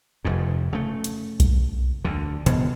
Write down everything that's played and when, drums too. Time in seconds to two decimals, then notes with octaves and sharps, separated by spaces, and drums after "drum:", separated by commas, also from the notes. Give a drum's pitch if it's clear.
0.25 F1 F2 G#2
0.73 C#3 A3
1.04 drum: hi-hat
1.40 drum: kick B1, hi-hat
2.04 D2 D3
2.46 G1 B2 D#3 B3, drum: hi-hat